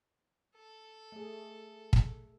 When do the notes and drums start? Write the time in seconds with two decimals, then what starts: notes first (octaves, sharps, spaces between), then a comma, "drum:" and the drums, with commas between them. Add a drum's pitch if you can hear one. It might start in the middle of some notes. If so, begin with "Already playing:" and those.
0.56 A4
1.12 A3 G#4
1.93 drum: kick